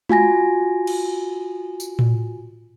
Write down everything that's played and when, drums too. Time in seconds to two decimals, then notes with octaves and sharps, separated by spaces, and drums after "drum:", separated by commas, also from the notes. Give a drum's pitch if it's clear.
0.09 F4 F#4 G#5 A#6, drum: tom G#3
0.87 drum: cymbal
1.80 drum: tambourine
1.99 drum: tom A2